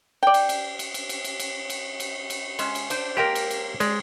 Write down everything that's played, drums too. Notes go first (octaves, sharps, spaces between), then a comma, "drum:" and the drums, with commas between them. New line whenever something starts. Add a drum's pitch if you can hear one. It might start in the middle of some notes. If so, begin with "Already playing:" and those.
D5 G5
drum: cymbal
drum: cymbal
drum: cymbal
drum: cymbal
drum: cymbal
drum: cymbal
drum: cymbal
drum: cymbal
drum: cymbal
drum: cymbal
G#3 C#4, drum: cymbal
drum: cymbal
D4 C5, drum: cymbal
G#3 A#3 G4 A#4 G5
drum: cymbal
drum: cymbal
G#3 D5, drum: cymbal